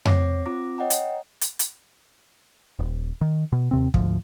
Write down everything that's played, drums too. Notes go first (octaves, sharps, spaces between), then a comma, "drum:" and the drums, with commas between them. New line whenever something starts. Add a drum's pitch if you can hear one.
C4 C#5 D6 A#6 C7, drum: tom F2
C4 F4 A#5 D6 A#6
C#5 D#5 F#5 G5 A#5
drum: hi-hat
drum: hi-hat
drum: hi-hat
D#1
D#3
B2
D#2 C3 C4
D2 G#2 F3, drum: kick